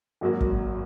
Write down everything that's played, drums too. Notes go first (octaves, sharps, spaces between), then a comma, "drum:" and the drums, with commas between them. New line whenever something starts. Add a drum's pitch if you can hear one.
G#1 F#2 F#3 A#3 F#4
drum: kick